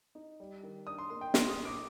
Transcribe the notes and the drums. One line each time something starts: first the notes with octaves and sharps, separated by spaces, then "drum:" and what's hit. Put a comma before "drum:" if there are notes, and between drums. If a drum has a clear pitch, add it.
D#4
G3
D#3
D4 D#6
C6
A#3 C6
G5
A3 C6, drum: snare
D#6
A#2
D6